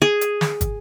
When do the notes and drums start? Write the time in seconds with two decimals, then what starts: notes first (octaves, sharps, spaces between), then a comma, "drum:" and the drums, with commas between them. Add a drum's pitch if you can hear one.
0.02 G#4
0.21 drum: hi-hat
0.41 drum: snare
0.61 drum: kick, hi-hat